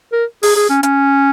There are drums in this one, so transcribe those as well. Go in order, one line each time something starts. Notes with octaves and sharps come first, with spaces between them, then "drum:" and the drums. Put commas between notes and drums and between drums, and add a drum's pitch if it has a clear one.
A#4
G#4, drum: open hi-hat
G#4
C#4
C#4, drum: hi-hat